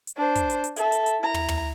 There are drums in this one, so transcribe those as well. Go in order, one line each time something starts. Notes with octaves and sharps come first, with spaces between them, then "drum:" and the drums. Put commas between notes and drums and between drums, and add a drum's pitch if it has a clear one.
drum: hi-hat
D4 C5
drum: kick, hi-hat
drum: hi-hat
drum: hi-hat
A4 E5, drum: hi-hat
drum: hi-hat
drum: hi-hat
E4 A#5
drum: tom
drum: tom